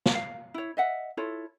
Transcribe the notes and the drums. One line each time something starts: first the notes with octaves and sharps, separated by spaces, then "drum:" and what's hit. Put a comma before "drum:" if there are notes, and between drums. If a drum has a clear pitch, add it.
drum: snare
F5
E4 C#5
D#5 E5 F#5
E4 F4 A4 C#5